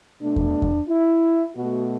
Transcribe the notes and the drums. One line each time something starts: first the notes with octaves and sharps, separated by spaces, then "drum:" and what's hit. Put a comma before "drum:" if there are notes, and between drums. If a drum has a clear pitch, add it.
B2 A3 D4
drum: kick E2
drum: kick E2
E4
B2 A3 F#4